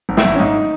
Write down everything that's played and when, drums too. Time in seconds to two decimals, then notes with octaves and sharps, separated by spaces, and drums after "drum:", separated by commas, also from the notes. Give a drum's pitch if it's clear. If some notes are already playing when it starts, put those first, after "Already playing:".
0.09 G#1
0.17 E4, drum: snare
0.25 G#1
0.35 C#4
0.39 G#2 D#4